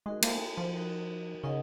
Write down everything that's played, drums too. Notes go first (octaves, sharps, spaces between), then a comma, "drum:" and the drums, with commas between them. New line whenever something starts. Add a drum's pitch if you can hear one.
G#3 D#4 F#4 A#4
A#3, drum: cymbal
F3
D#4 F#4 A#4
C#3 D#4 A#4 D#5 F#5